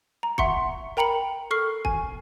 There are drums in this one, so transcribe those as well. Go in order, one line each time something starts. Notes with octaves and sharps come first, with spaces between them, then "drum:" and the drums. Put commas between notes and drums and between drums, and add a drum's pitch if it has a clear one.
A#5
E5 F#5 C6 C#6 C#7, drum: kick
A#4 G5 A#5 B5 C#7 F#7
A4 C#6 F6 C7
G#5, drum: kick